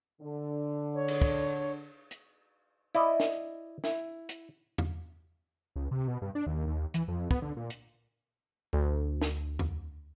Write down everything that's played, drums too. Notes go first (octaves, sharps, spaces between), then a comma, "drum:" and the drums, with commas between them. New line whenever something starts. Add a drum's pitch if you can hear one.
D3
C#5
drum: cymbal
drum: kick
drum: hi-hat
E4 D5 D#5
drum: snare
E4, drum: snare
drum: hi-hat
drum: tom E2
C#2
C3
B2
G2
D4
D#2
D#2
E3, drum: hi-hat
F2
B3, drum: kick
D3
A#2
drum: hi-hat
D2
drum: snare
drum: tom E2